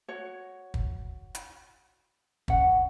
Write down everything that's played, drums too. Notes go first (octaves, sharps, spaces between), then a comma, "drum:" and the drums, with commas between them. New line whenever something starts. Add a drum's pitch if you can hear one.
F#4 C#5
drum: kick
drum: hi-hat
C#4 F#5, drum: kick